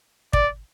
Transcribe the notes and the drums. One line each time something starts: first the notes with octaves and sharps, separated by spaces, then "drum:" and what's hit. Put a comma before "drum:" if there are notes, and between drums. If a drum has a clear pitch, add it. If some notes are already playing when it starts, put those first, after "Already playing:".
D5, drum: kick